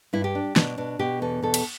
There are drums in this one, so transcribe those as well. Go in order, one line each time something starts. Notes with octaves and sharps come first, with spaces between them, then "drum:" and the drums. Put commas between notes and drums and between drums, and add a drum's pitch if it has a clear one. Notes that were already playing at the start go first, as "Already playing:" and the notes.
G2 E4
G4
D4
B2 D4, drum: snare
B2 D4
B2 G4
E2 A4
B2 A4
drum: cymbal